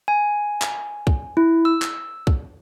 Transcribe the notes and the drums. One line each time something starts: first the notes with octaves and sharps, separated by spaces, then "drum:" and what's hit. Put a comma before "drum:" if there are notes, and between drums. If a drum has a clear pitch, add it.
G#5
drum: clap
drum: kick
E4
E6
drum: clap
drum: kick